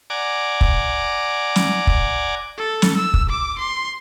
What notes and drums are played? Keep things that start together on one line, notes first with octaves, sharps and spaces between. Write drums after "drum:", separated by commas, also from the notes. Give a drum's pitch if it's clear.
D5 F#5 G#5 A#5 D6
drum: kick
drum: snare
drum: kick
A4
drum: snare
E6
drum: kick
D6
C6